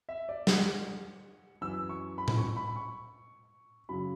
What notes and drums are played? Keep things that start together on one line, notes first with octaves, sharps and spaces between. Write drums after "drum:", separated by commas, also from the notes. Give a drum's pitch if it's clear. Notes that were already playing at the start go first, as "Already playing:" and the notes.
E5
D5
F#5, drum: snare
F#2 E3 E6
C#6
B5
drum: tom A2
C#6
B5
C#6
F#2 C#3 F#3 B5